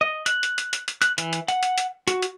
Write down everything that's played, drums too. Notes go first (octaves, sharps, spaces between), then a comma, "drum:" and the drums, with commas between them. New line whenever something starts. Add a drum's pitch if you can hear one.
D#5
F#6, drum: hi-hat
drum: hi-hat
drum: hi-hat
drum: hi-hat
drum: hi-hat
F#6, drum: hi-hat
E3, drum: hi-hat
drum: hi-hat
F#5, drum: hi-hat
drum: hi-hat
drum: hi-hat
F#4, drum: hi-hat
drum: hi-hat